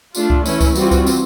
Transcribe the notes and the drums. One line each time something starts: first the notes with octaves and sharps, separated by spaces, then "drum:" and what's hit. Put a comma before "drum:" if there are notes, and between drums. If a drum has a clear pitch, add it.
A3 D4 F4, drum: tambourine
drum: kick
E3 A3 C#4 E4, drum: tambourine
drum: kick, tambourine
E3 G3 C4 F4 F#4, drum: tambourine
drum: kick, tambourine
drum: tambourine